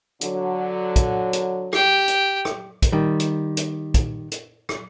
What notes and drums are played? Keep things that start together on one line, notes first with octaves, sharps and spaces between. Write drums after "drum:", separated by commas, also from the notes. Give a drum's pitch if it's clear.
D3 F#3, drum: hi-hat
drum: kick, hi-hat
drum: hi-hat
G4 G5, drum: rim click
drum: hi-hat
drum: rim click
drum: kick, hi-hat
D#3 G3
drum: hi-hat
drum: hi-hat
drum: kick, hi-hat
drum: hi-hat
drum: rim click